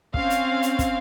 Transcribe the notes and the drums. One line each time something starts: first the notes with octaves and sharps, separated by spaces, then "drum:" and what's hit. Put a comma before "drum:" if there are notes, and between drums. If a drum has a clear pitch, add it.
C4 C#4 F5, drum: kick
drum: hi-hat
drum: hi-hat
drum: kick, hi-hat